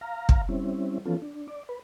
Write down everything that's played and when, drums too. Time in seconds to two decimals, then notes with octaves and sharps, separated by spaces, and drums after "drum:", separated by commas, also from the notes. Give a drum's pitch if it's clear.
0.01 F5 A#5
0.29 drum: kick
0.49 G3 C4 C#4 E4
1.06 E3 F3 B3 C#4 F4 A4
1.22 D4
1.48 D5
1.69 B4